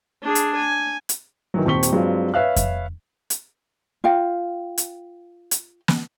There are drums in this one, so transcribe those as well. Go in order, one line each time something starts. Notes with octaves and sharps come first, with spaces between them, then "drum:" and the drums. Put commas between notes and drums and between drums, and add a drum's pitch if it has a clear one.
D4 G#4
drum: hi-hat
G#5
drum: hi-hat
D#3 E3 F#3
D#1 C4 G4 C#6 B6 G7
drum: hi-hat
G2 F#3 G#3 C4 F4
B4 C#5 E5 F5 F#6
drum: kick F2, hi-hat
drum: hi-hat
F4 F5 G5
drum: hi-hat
drum: hi-hat
drum: snare